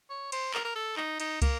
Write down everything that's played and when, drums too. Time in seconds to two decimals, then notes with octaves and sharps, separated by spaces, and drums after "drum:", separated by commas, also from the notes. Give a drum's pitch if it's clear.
0.10 C#5
0.32 C5, drum: cymbal
0.54 A#4, drum: clap
0.64 A#4
0.75 A4
0.97 D#4, drum: clap
1.20 D#4, drum: cymbal
1.42 A#3, drum: kick, cymbal